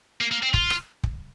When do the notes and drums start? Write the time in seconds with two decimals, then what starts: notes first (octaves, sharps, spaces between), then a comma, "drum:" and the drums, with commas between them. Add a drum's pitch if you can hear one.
0.21 A#3
0.31 A#3
0.43 C4
0.54 F4, drum: kick
0.70 drum: rim click
1.03 drum: kick